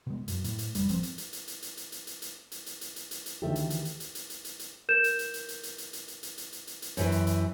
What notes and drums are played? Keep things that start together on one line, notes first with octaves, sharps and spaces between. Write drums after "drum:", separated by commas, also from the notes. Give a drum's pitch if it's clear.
B2 G#3
F#2, drum: hi-hat
A2, drum: hi-hat
drum: hi-hat
F1 G3, drum: hi-hat
G#1 F3 C4, drum: hi-hat
drum: hi-hat
drum: hi-hat
drum: hi-hat
drum: hi-hat
drum: hi-hat
drum: hi-hat
drum: hi-hat
drum: hi-hat
drum: hi-hat
drum: hi-hat
drum: hi-hat
drum: hi-hat
drum: hi-hat
drum: hi-hat
drum: hi-hat
D2 D#3 E3 G4 A4 E5
drum: hi-hat
drum: hi-hat
drum: hi-hat
drum: hi-hat
drum: hi-hat
drum: hi-hat
drum: hi-hat
drum: hi-hat
A#4 G6 E7
drum: hi-hat
drum: hi-hat
drum: hi-hat
drum: hi-hat
drum: hi-hat
drum: hi-hat
drum: hi-hat
drum: hi-hat
drum: hi-hat
drum: hi-hat
drum: hi-hat
drum: hi-hat
drum: hi-hat
F#2 E3 G4, drum: hi-hat
drum: hi-hat
drum: hi-hat